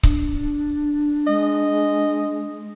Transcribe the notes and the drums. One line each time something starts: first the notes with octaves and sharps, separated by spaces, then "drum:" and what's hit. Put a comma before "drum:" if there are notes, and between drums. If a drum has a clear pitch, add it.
D4, drum: kick C#1
G#3 D#5